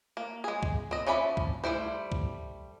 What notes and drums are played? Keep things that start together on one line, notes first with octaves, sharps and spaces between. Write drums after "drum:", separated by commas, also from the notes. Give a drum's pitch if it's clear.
A#3
G#3 G#4
drum: kick C2
C4 D#5
F3 C#4 D5 E5 B5
drum: kick C2
G3 A3 E4 C5
drum: kick C2